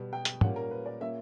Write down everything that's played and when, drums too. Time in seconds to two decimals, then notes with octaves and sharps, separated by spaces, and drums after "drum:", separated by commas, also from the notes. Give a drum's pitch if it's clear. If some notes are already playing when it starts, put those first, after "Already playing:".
Already playing: B2 G3 B3
0.13 G5
0.25 drum: hi-hat
0.41 A#2 G3 A#3 C#4 F#5, drum: tom
0.56 A#4
0.71 B4
0.86 D5
1.01 A#2 A#3 C#4 E5